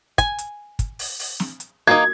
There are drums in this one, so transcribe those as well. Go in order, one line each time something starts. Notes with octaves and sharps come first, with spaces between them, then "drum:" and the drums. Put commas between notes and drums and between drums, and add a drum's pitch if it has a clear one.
G#5, drum: kick, hi-hat
drum: hi-hat
drum: kick, hi-hat
drum: open hi-hat
drum: open hi-hat
drum: snare
drum: hi-hat
A#3 D#4 G#6